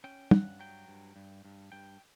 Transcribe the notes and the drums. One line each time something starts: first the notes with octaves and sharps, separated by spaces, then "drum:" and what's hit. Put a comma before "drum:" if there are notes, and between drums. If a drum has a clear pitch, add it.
C#4 G5
G2 F#5, drum: tom
F#3 G5
G2
G2
G2
G2 G5